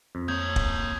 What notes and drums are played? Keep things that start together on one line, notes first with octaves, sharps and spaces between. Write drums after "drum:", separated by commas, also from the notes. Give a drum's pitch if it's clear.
F2
A#3 C#5 D#6 G6 G#6
drum: kick